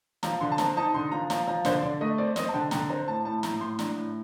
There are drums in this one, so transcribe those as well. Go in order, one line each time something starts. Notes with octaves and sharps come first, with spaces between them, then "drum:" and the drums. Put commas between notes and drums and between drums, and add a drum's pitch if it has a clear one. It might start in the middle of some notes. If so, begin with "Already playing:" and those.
F3 A#5, drum: snare
D3 C6
A5
C4 A#5, drum: snare
D#4 A5
D3 C6
F3 A#5
F3 A#5, drum: snare
F3 A#5
D3 C5, drum: snare
D3 D5
A3 D#5
C4 D5
C4 D#5, drum: snare
A5
D3 G5
D3 A#5, drum: snare
C4 A#5
A2 A5
A2 A5
A2 A#5, drum: snare
A2 C6
D4 A#5, drum: snare
A2